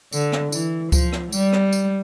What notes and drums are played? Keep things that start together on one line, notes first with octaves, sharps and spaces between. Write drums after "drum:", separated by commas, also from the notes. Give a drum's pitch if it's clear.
D3, drum: tambourine
drum: rim click
E3, drum: tambourine
F3, drum: kick C#2, tambourine
drum: rim click
G3, drum: tambourine
drum: rim click
drum: tambourine